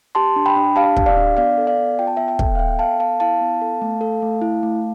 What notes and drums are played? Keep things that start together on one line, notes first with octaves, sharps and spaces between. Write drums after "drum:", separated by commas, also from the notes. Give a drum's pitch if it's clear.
G4 A5 C6
D4
G5 B5
D4
G4 F5 A5
G4, drum: kick
D5 F5
D4
B3 D5 F5
A4
D5 F5
B3
F4 G5
A5
B3 E5 G5
E5 G5
A4, drum: kick
F5
B3 E5 G5
A4 F5 A5
B3 F5 A5
E4 F5 A5
B3
A4
A3
A4
A3
E4
A3